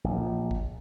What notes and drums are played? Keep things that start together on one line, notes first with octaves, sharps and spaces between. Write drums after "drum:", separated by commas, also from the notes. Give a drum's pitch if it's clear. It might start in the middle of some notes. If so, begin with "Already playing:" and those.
A#1
drum: kick